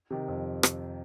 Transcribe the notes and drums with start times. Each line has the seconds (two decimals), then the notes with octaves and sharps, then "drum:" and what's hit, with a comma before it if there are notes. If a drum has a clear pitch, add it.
0.10 C3 D#3
0.28 F2
0.63 drum: rim click